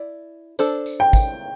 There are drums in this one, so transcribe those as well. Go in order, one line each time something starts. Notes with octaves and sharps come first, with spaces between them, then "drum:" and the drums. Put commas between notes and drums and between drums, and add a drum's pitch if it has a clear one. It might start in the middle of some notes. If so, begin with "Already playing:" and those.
Already playing: E4 D5
D4 A4 C5, drum: tambourine
drum: tambourine
G5
drum: kick, tambourine